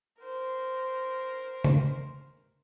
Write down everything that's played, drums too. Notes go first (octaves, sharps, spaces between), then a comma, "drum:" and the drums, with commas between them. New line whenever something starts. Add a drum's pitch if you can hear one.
A#4 C5
drum: tom C#3